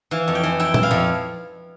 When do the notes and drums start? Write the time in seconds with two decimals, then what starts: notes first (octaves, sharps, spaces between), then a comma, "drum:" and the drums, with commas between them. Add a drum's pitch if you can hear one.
0.11 E3 F5
0.28 F2
0.35 G5
0.43 E3
0.59 E4 G5
0.74 E4, drum: tom A#2
0.83 F5
0.91 F2